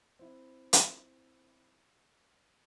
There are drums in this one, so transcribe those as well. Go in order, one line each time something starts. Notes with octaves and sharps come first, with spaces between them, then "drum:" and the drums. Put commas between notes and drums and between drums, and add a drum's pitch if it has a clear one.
C4 E4
drum: hi-hat